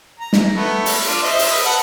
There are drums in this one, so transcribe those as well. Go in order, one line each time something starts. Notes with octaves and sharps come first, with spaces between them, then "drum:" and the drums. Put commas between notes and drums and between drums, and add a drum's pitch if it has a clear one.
A#5
drum: snare
A3 B3
drum: open hi-hat
D4 F4
C5 D#5 E5
drum: open hi-hat
B4 D#6
B4 F#5 A5